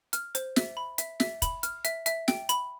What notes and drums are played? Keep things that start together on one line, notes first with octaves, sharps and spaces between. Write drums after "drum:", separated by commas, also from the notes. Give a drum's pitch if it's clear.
F6, drum: hi-hat
C5, drum: hi-hat
E5, drum: snare
B5
E5, drum: hi-hat
E5, drum: snare
B5, drum: kick, hi-hat
F6, drum: hi-hat
E5, drum: hi-hat
E5, drum: hi-hat
G5, drum: snare
B5, drum: hi-hat